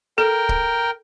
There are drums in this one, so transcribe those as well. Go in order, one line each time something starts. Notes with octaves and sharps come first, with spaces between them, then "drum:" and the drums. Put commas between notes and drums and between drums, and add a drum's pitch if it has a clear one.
A4 A#4 G5
drum: kick C#1